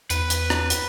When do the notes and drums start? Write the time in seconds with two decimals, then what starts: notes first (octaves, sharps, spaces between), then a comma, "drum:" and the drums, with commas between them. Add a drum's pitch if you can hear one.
0.10 E2 B4, drum: hi-hat
0.30 drum: hi-hat
0.50 drum: rim click
0.70 drum: hi-hat